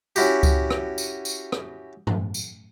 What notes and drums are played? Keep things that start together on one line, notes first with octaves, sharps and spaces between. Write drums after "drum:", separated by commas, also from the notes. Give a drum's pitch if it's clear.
C#4 E4 F#4 G4, drum: tambourine
drum: kick C#2, tambourine
drum: rim click
drum: tambourine
drum: tambourine
drum: rim click
drum: tom G2
drum: tambourine